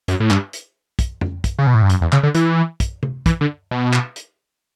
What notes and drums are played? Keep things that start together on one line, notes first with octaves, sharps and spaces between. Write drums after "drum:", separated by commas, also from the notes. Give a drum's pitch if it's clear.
F#2, drum: hi-hat
A2
G2, drum: clap
drum: hi-hat
drum: kick, hi-hat
drum: tom F2
drum: kick, hi-hat
C#3
B2
A2
G2
F#2, drum: hi-hat
E2
C#3, drum: clap
D3
E3, drum: hi-hat
drum: kick, hi-hat
drum: tom C3
E3, drum: kick, hi-hat
D3
B2
drum: clap
drum: hi-hat